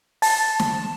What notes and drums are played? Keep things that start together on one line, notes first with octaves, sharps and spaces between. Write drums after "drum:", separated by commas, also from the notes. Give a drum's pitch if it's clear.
A5, drum: open hi-hat
drum: snare